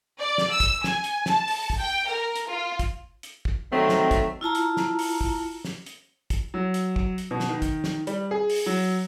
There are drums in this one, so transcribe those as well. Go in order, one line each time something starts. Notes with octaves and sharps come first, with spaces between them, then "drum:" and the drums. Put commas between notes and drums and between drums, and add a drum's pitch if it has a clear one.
D5
drum: snare
E6
drum: kick, hi-hat
G#5, drum: snare
drum: hi-hat
A5, drum: snare
drum: open hi-hat
drum: kick
G5
A#4
drum: hi-hat
F4
drum: kick, hi-hat
drum: hi-hat
drum: kick
D#3 F#3 A3 C4
drum: snare
drum: kick, hi-hat
E4 F4 A5 A#5
drum: hi-hat
drum: snare
drum: open hi-hat
drum: kick
drum: snare
drum: hi-hat
drum: kick, hi-hat
F#3
drum: hi-hat
drum: kick
drum: hi-hat
B2
drum: snare
D#3
drum: kick, hi-hat
drum: snare
G3, drum: hi-hat
G#4
drum: open hi-hat
F#3